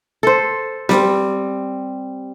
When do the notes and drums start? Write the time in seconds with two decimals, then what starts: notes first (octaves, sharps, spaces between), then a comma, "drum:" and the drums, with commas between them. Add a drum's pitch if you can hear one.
0.23 A4 C5
0.89 G3 C4, drum: snare B3